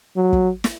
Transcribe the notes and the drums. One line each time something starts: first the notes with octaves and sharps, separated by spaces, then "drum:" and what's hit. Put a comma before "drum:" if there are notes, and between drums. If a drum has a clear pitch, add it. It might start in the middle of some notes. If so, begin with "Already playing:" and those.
F#3
drum: kick
drum: snare